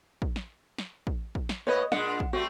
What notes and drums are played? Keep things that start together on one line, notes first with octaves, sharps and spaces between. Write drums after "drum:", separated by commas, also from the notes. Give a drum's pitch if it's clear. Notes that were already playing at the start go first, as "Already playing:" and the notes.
drum: kick
drum: snare
drum: snare
drum: kick
drum: kick
drum: snare
A2 A#3 B4 C#5 D#5
A#2 G#3 D4 F#5, drum: snare
drum: kick
G3 A3 C4 F#4